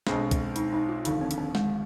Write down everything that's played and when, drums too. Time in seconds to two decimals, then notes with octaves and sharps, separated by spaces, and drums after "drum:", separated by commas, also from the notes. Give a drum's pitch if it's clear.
0.07 B1 B2 G#3 C4 D4, drum: snare
0.31 drum: kick, hi-hat
0.56 D#4, drum: hi-hat
0.73 D#4
0.89 F4
1.05 F1 D#2 D3 F3 D#4, drum: hi-hat
1.21 C4
1.31 D4, drum: hi-hat
1.38 C4
1.55 G#3, drum: snare